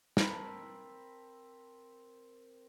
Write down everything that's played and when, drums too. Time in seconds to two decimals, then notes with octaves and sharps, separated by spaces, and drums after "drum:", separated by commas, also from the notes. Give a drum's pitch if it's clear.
0.17 C4 A#4 A5 B5, drum: snare